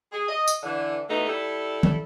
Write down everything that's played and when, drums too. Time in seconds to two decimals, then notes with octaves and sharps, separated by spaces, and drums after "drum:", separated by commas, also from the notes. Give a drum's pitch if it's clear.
0.12 G#4
0.28 D#5
0.48 drum: tambourine
0.63 D3 E3
1.08 B2 E3 A3 D#4
1.26 G3 E4 A4
1.83 drum: tom